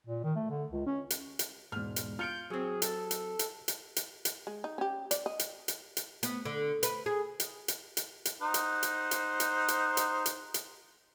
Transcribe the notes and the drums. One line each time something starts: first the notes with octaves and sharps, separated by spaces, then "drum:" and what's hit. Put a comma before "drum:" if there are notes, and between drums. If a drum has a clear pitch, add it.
A#2
D#3
A3
D3
C#2
C#4
drum: hi-hat
drum: hi-hat
E1 G#2 F6
drum: hi-hat
F4 F6 G6 C#7 D7
F#3 C4 G#4
A4, drum: hi-hat
drum: hi-hat
drum: hi-hat
drum: hi-hat
drum: hi-hat
drum: hi-hat
G#3
D#4
C#4 G4
D5, drum: hi-hat
D#5
drum: hi-hat
drum: hi-hat
drum: hi-hat
B3, drum: hi-hat
D3
B4, drum: hi-hat
G#4
drum: hi-hat
drum: hi-hat
drum: hi-hat
drum: hi-hat
D#4 C5 F#5
drum: hi-hat
drum: hi-hat
drum: hi-hat
drum: hi-hat
drum: hi-hat
drum: hi-hat
drum: hi-hat
drum: hi-hat